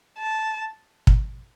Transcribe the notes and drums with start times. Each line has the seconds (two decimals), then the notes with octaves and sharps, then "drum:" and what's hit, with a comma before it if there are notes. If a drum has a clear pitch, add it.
0.19 A5
1.07 drum: kick